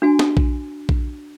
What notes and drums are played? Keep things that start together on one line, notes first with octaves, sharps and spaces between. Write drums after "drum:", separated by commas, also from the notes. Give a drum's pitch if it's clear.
D4 F#4 G#5
drum: snare
drum: kick A#1
drum: kick A#1